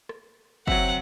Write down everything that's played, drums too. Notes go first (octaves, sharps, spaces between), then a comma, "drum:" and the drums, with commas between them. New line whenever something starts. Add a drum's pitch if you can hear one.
drum: rim click
F#3 C4 E5 F#5, drum: kick